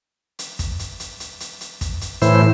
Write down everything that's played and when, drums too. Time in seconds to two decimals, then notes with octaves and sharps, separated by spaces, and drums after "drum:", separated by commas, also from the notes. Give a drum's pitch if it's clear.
0.39 drum: hi-hat
0.59 drum: kick, hi-hat
0.79 drum: hi-hat
1.00 drum: hi-hat
1.20 drum: hi-hat
1.40 drum: hi-hat
1.61 drum: hi-hat
1.81 drum: kick, hi-hat
2.01 drum: hi-hat
2.22 A2 E3 E4 C5, drum: hi-hat